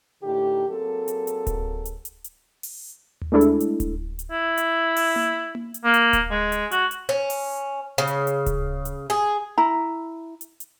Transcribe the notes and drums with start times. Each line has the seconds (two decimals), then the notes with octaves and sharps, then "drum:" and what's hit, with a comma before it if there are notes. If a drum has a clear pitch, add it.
0.23 A2 D3 D#3 G4
0.69 F#3 A#3 C4 G#4 A4
1.08 drum: hi-hat
1.27 drum: hi-hat
1.47 drum: kick D1, hi-hat
1.85 drum: hi-hat
2.05 drum: hi-hat
2.24 drum: hi-hat
2.63 drum: open hi-hat
3.22 drum: tom D#2
3.32 G#3 A3 D4 E4 A4
3.41 drum: hi-hat
3.60 drum: hi-hat
3.80 drum: kick D1, hi-hat
4.19 drum: hi-hat
4.32 E4
4.58 drum: hi-hat
4.96 drum: open hi-hat
5.16 drum: tom A#3
5.55 drum: tom A#3
5.74 drum: hi-hat
5.84 A#3
5.94 drum: hi-hat
6.13 drum: kick D1, hi-hat
6.31 G#3
6.52 drum: hi-hat
6.71 F#4, drum: hi-hat
6.91 drum: hi-hat
7.09 C#4
7.30 drum: open hi-hat
7.98 C#3
8.07 drum: hi-hat
8.27 drum: hi-hat
8.46 drum: kick D1, hi-hat
8.85 drum: hi-hat
9.10 G#4
9.58 E4 A#5
10.41 drum: hi-hat
10.60 drum: hi-hat